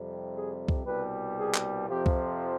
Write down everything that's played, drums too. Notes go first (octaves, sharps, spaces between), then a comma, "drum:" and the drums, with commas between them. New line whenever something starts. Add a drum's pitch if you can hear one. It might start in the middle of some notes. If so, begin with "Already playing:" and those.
Already playing: F2 C3 G3
G#4
drum: kick C2
C2 B2 G3 B4
G#4
drum: clap
F2 C3 F3 G4
drum: kick C2